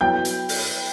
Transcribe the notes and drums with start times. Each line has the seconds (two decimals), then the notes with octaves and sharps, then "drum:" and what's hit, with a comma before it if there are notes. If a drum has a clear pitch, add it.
0.01 F#3 B3 E4 G5 G6
0.25 drum: hi-hat
0.49 drum: open hi-hat